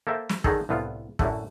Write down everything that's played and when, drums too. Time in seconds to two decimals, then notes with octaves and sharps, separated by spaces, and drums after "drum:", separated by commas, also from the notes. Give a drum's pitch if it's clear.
0.07 A#3 A4 C5 E5 G5 A5
0.29 drum: snare
0.44 D3 D#3 F#3 D#4 G#4 A4, drum: kick
0.69 C2 A2 D3 B3 F4
1.19 F#2 A2 D3 A3, drum: kick